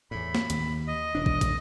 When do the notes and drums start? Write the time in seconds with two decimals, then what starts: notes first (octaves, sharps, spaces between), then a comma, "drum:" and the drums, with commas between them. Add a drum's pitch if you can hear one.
0.11 E2 A2 B5
0.35 drum: snare
0.50 D#2, drum: hi-hat
0.88 D#5
1.15 E1 D4
1.26 drum: kick
1.41 drum: kick, hi-hat